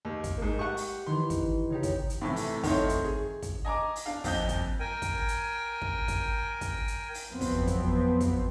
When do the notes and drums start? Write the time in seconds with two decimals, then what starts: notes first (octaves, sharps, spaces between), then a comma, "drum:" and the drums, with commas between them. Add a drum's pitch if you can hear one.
0.05 D#2
0.24 drum: kick, hi-hat
0.38 G#2 A#3
0.59 G4 F#5 C#6
0.77 drum: open hi-hat
1.06 D#3 E3 C6
1.30 drum: kick, hi-hat
1.70 C#3 D#4 G4
1.83 drum: kick, hi-hat
2.10 drum: hi-hat
2.22 A2 C3 E3 A3
2.36 drum: open hi-hat
2.64 D#3 A3 C4 D#4 E4 C#5, drum: kick, open hi-hat
2.89 drum: kick, hi-hat
3.04 G#4
3.42 drum: kick, hi-hat
3.65 D#5 G#5 A#5 D6
3.96 drum: open hi-hat
4.06 D4 F5
4.24 F2 A#2 D#5 F#6 G6 G7, drum: kick, open hi-hat
4.49 drum: kick, hi-hat
4.80 A#4 G5 G#5
5.02 drum: kick, hi-hat
5.28 drum: hi-hat
5.82 drum: kick
6.08 drum: kick, hi-hat
6.61 drum: kick, hi-hat
6.88 drum: hi-hat
7.14 drum: open hi-hat
7.30 F2 F3 F#3 B3 C4
7.41 drum: kick, open hi-hat
7.67 drum: kick, hi-hat
8.21 drum: kick, hi-hat